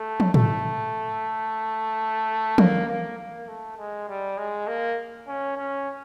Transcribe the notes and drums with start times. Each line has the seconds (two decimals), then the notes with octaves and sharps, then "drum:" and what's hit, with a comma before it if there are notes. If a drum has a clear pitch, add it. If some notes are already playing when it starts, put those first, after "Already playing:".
Already playing: A3
0.20 drum: tom
0.34 A3, drum: tom
2.58 A#3, drum: tom
2.88 A#3
3.18 A#3
3.48 A3
3.78 G#3
4.08 G3
4.37 G#3
4.67 A#3
5.27 C#4
5.57 C#4